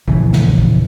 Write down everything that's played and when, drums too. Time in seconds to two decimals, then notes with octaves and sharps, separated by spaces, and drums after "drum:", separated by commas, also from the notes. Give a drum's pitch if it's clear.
0.08 A#1 E2 C#3 E3, drum: kick A1
0.33 drum: snare
0.58 drum: kick A1